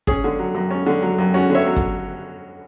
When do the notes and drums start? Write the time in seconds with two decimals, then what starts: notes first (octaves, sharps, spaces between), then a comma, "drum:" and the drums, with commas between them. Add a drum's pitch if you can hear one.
0.07 C#4 G#4, drum: kick
0.24 D3
0.39 F#3
0.55 F#2
0.71 C#4
0.86 D3
1.02 F#3
1.18 F#2
1.34 C#4 F#4
1.50 D3 C#5 E5
1.66 F#3
1.76 drum: kick